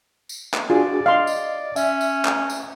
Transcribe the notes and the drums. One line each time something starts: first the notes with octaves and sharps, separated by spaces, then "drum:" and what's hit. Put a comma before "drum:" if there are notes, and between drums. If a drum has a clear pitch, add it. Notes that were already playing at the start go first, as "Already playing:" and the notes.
drum: tambourine
drum: clap
D4 F4 F#4 G#4 D5
D#5 F5 C6
drum: tambourine
C#4 E5, drum: tambourine
drum: tambourine
drum: clap
drum: tambourine